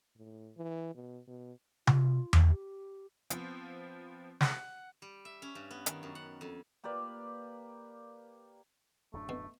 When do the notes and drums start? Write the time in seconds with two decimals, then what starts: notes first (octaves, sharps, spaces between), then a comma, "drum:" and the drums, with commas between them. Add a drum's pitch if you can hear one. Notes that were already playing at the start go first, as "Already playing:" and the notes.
0.17 A2
0.56 E3
0.95 B2
1.27 B2
1.87 F4, drum: tom C3
2.33 drum: tom E2
2.50 G4
3.30 F3 B3 C4, drum: hi-hat
4.41 F#5, drum: snare
5.02 G3
5.25 E5
5.42 C#4
5.55 G2
5.71 B3
5.86 D#3, drum: hi-hat
6.03 F#2
6.15 F#5
6.41 F2
6.84 A#3 G4 B4 D5
9.13 D1 F#2 A3 D4
9.29 B2